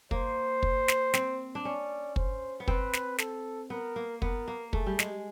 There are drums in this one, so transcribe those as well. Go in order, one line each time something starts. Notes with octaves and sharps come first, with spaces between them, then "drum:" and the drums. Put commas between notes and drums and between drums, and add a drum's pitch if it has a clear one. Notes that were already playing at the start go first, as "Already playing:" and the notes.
A#3 C5, drum: kick
drum: kick
drum: snare
C4, drum: snare
D4
C#4 D5
C5, drum: kick
B3
C4 B4, drum: kick
drum: snare
A4, drum: snare
B3 A#4
A#3
B3 A#4, drum: kick
A#3
A3 G#4, drum: kick
G3
G#3, drum: snare